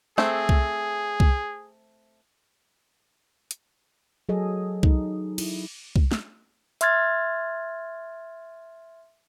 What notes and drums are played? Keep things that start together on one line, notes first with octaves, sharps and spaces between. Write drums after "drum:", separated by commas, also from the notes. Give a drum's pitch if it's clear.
A3 C4 G#4, drum: snare
drum: kick C2
drum: kick C2
drum: hi-hat
F#3 G#4 A4 D#5
D#4, drum: kick C2
E4, drum: cymbal
drum: kick C2
drum: snare
E5 C6 F6 G#6 A6, drum: hi-hat